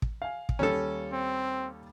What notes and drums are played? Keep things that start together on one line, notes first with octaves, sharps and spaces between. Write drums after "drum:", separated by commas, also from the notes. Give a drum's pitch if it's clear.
drum: kick
F5 G#5
drum: kick
D#2 G3 C#4 A4
C4